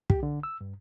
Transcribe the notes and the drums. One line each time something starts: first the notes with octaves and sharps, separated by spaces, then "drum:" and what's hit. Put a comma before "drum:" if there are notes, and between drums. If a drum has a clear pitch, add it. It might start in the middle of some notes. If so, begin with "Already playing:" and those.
G4, drum: kick
D3
E6
G2